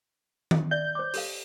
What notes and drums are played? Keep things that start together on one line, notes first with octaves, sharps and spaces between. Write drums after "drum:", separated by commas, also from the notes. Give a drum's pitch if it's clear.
drum: tom D#3
D5 E5 G6
C5 C#5 D6
G4 A4 F5, drum: open hi-hat